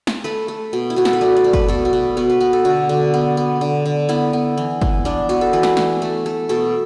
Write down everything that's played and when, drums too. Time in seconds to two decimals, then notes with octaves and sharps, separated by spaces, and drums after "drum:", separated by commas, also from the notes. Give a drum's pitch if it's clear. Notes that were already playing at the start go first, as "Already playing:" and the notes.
0.07 drum: snare
0.24 A3 B4
0.48 A3
0.73 B2
0.90 E4
0.96 B2 F#4
1.05 A4, drum: snare
1.13 B4
1.21 A3 D5
1.37 D5
1.44 A3
1.53 B4, drum: kick
1.68 B2 A4
1.85 F#4
1.93 B2
2.17 B3 F#4
2.30 B4
2.40 B3 B4
2.53 A4
2.65 D3 F#4
2.89 D3
3.14 B3
3.37 B3
3.61 D3
3.86 D3
4.09 B3 E4
4.33 B3
4.58 E3
4.82 E3, drum: kick
5.05 B3 D4
5.29 B3 F#4
5.41 A4
5.53 E3 B4
5.63 drum: snare
5.77 E3, drum: snare
6.02 A3
6.26 A3
6.49 B2 A4